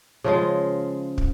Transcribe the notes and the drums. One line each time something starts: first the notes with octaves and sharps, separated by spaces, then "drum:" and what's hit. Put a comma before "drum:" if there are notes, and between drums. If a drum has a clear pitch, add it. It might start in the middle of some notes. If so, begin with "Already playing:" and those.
C#3 F3 G#3
drum: kick